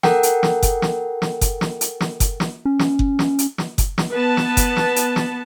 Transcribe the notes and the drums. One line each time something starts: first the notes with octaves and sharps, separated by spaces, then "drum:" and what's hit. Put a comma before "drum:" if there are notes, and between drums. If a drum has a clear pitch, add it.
A4 A#4 F#5 G5, drum: snare
drum: hi-hat
drum: snare
drum: kick F#1, hi-hat
drum: snare
drum: snare
drum: kick F#1, hi-hat
drum: snare
drum: hi-hat
drum: snare
drum: kick F#1, hi-hat
drum: snare
C#4
drum: snare
drum: kick F#1
drum: snare
drum: hi-hat
drum: snare
drum: kick F#1, hi-hat
drum: snare
B3 B4 A5
drum: snare
drum: kick F#1, hi-hat
drum: snare
drum: hi-hat
drum: snare